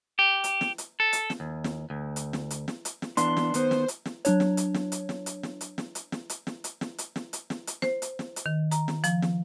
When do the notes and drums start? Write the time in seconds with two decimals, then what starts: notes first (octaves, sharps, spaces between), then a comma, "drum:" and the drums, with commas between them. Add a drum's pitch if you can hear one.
0.19 G4
0.44 drum: hi-hat
0.61 drum: snare
0.78 drum: hi-hat
1.00 A4
1.13 drum: hi-hat
1.30 drum: snare
1.40 D#2
1.64 drum: snare
1.90 D2
2.16 drum: hi-hat
2.33 drum: snare
2.50 drum: hi-hat
2.68 drum: snare
2.85 drum: hi-hat
3.02 drum: snare
3.17 E3 B3 D4 C6, drum: hi-hat
3.37 drum: snare
3.54 D#3 B3 C5, drum: hi-hat
3.71 drum: snare
3.88 drum: hi-hat
4.06 drum: snare
4.25 F#3 D4 C#5, drum: hi-hat
4.40 drum: snare
4.57 drum: hi-hat
4.74 drum: snare
4.92 drum: hi-hat
5.09 drum: snare
5.26 drum: hi-hat
5.43 drum: snare
5.61 drum: hi-hat
5.78 drum: snare
5.95 drum: hi-hat
6.12 drum: snare
6.30 drum: hi-hat
6.47 drum: snare
6.64 drum: hi-hat
6.81 drum: snare
6.98 drum: hi-hat
7.16 drum: snare
7.33 drum: hi-hat
7.50 drum: snare
7.67 drum: hi-hat
7.82 C5, drum: snare
8.02 drum: hi-hat
8.19 drum: snare
8.36 drum: hi-hat
8.46 D#3
8.71 A#5, drum: hi-hat
8.88 drum: snare
9.04 F3, drum: hi-hat
9.22 drum: snare